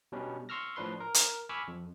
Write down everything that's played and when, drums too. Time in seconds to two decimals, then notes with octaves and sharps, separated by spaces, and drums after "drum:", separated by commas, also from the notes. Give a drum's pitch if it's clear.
0.12 B2 G3 C#4 D4
0.49 C6 C#6 E6 F6 A#6
0.76 A2 F3 D4 B4 C6
1.00 A#4
1.14 drum: hi-hat
1.49 G#5 B5 C#6 D6 E6 F6
1.68 F2